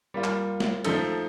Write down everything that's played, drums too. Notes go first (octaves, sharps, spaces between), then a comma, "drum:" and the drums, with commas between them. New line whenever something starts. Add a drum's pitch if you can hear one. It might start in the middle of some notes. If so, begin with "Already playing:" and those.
G3 A#3 F4
drum: clap
drum: snare
F3 A3 D#4 A4, drum: cymbal